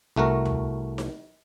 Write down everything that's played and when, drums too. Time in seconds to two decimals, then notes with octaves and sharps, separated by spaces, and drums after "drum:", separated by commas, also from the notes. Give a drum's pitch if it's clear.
0.16 C2 A3 F#4 A#4
0.45 drum: tom D2
0.98 drum: snare D#4